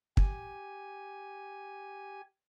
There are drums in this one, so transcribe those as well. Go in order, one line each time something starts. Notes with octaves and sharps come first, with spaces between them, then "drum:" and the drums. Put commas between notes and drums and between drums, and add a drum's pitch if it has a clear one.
G4 G#5, drum: kick